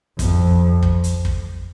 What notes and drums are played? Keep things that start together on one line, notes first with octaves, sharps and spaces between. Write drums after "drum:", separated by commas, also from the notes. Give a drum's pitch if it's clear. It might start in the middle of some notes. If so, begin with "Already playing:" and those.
F2, drum: kick, hi-hat
drum: kick
drum: hi-hat
drum: kick